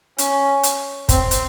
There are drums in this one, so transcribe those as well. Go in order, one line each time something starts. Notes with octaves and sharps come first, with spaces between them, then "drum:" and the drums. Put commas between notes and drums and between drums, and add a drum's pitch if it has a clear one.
C#4, drum: hi-hat
drum: hi-hat
C4, drum: kick, hi-hat
drum: hi-hat